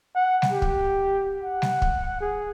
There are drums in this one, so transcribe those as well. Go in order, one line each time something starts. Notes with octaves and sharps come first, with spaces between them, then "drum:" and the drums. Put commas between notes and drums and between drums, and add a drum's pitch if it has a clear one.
F#5
drum: snare G3
G4
drum: kick
F#5
drum: snare G3
drum: kick
G#4